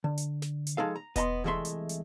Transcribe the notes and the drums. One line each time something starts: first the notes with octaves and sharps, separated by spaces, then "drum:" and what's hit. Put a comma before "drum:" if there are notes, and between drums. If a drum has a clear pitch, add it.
D3
drum: hi-hat
drum: snare
drum: hi-hat
F3 G#3 D#4 A4 F5
A#5
B3 D#5 A5 C6, drum: kick E1, hi-hat
C2 E3 G#3 A3 E5 C6
drum: hi-hat
drum: hi-hat